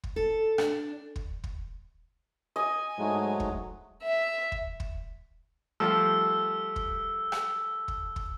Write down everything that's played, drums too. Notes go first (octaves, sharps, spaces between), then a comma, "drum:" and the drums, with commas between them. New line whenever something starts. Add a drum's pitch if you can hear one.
drum: kick
A4
D4, drum: rim click
drum: kick
drum: kick
D#5 G#5
G#2 F#3 G#3 A3
drum: kick
E5
drum: kick
drum: kick
F3 G3 A3 E6
drum: kick
drum: rim click
drum: kick
drum: kick